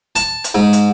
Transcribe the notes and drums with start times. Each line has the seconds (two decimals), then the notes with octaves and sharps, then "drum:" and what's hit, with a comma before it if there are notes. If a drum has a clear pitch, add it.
0.16 A5, drum: hi-hat
0.44 drum: hi-hat
0.55 G#2
0.73 drum: hi-hat